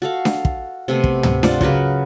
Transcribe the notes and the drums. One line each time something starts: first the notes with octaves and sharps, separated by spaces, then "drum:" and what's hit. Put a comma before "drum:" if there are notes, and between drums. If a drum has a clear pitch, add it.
F#4 A4 F5
drum: snare D4
drum: kick
C3 A3 B3
drum: kick
drum: tom
F4 C5 D5 F#5, drum: snare D4
C#3 F#3 A#4 B4, drum: kick